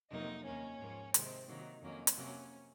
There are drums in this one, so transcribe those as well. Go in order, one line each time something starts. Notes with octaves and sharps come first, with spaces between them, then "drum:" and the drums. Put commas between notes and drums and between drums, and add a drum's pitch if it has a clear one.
F2 C3 F#3 A#3 D#4 D#5
D#2 D#3 A#3 C#4 C#5
G#2 F3 A#3
C3 D#3 G#3 C4 C5, drum: hi-hat
C3 D#3 F#3 A#3 D#4
F2 D#3 F#3 A#3 C#4
drum: hi-hat
C3 F#3 A#3 C#4